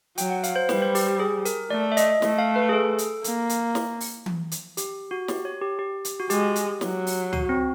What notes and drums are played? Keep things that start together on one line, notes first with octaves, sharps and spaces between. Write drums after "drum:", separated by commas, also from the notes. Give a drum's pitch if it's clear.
F#3 G5, drum: hi-hat
F#5
F5, drum: hi-hat
C5
G3 B4, drum: snare
C5
G4, drum: open hi-hat
G4
G#4
A#4, drum: hi-hat
A3 D5
E5
D#5, drum: hi-hat
A3, drum: snare
F5
B4
G#4
A4
drum: hi-hat
A#3, drum: hi-hat
drum: hi-hat
drum: snare
drum: open hi-hat
drum: tom E3
drum: hi-hat
G4, drum: hi-hat
F#4
G4, drum: snare
C#5
G4
G4
drum: hi-hat
F#4
G#3 G4, drum: hi-hat
drum: hi-hat
F#3, drum: snare
drum: open hi-hat
F#4, drum: tom C#2
C4